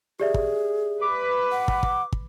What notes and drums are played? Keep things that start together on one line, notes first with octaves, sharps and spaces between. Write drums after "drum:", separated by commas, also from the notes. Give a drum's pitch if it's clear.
G4 G#4 D5 E5
drum: kick
B4 D6
F#5
drum: kick
drum: kick
drum: kick